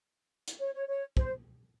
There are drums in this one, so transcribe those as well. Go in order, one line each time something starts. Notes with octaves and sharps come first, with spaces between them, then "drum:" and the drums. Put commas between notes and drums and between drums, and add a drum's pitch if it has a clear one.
drum: hi-hat
C#5
C#5
C#5
C5, drum: kick